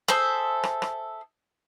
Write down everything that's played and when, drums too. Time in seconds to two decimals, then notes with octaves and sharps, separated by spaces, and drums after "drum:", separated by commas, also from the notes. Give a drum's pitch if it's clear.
0.08 G#4 A4 C5 E5, drum: rim click
0.63 drum: rim click
0.82 drum: rim click